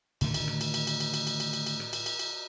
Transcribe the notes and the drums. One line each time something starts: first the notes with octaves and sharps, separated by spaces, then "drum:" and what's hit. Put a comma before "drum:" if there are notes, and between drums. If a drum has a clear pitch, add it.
A2 D3 D#3 A3, drum: cymbal
drum: cymbal
drum: rim click
drum: cymbal
drum: cymbal
drum: cymbal
drum: cymbal
drum: cymbal
drum: cymbal
drum: cymbal
drum: cymbal
drum: cymbal
drum: rim click
drum: cymbal
drum: cymbal
drum: cymbal